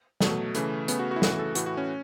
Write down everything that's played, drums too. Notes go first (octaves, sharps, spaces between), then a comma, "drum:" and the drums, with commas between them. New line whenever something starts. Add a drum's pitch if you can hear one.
B2 F#3 A3, drum: snare
C#3 E3 A3, drum: hi-hat
C#3 A3 B3, drum: hi-hat
F#4
F#4
E4
C#3 E3 A3 F#4, drum: snare
A4
A2 E3 A3 F#4, drum: hi-hat
F#4
C#4